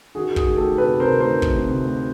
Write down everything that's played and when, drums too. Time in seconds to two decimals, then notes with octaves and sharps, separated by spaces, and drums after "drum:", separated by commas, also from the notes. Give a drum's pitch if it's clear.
0.15 D#3 F#4 G#4
0.31 D#3
0.36 F#4 G#4, drum: kick
0.48 D2
0.57 G4 A4
0.63 D#3
0.78 C3 A4 B4
0.94 C3
1.00 A#4 C5
1.11 D2
1.20 A#4 C5
1.26 D#3
1.42 D2, drum: kick
1.57 C3
1.73 D2